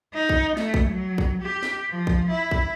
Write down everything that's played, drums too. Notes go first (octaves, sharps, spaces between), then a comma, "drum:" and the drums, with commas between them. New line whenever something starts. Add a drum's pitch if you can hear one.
D#4
drum: kick A#1
A3, drum: snare
drum: kick A#1
F#3
drum: kick A#1
G4
drum: snare
F3
drum: kick A#1
E4
drum: kick A#1